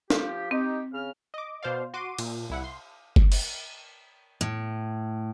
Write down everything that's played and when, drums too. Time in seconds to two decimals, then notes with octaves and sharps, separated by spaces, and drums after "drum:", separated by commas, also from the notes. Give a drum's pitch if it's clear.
0.10 F3 G4, drum: snare
0.51 C4 D#4 G4
0.93 C#3 F6
1.34 D#5 D6
1.63 B2 C5 D5 F5
1.94 F#4 C6 D6 D#7
2.19 A#2, drum: cymbal
2.50 C2 E4 F#5
2.64 C6
3.16 drum: kick F#1
3.32 drum: cymbal
4.41 A2